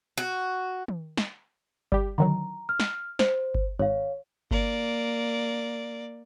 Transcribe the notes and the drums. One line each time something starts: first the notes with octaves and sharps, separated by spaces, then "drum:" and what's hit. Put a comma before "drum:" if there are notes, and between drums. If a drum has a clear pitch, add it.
F#4
drum: tom
drum: snare
G3 G4, drum: kick G1
D3 D#3 F#3 A#5
F6
drum: snare
C5, drum: snare
drum: kick G1
G#1 C#5 F5
A#3 D5, drum: kick G1